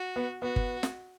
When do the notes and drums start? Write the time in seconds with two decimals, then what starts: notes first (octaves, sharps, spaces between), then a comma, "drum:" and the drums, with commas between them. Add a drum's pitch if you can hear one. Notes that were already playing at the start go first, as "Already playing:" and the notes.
Already playing: F#4
0.16 B3
0.42 B3 F#4
0.56 drum: kick G1
0.83 drum: snare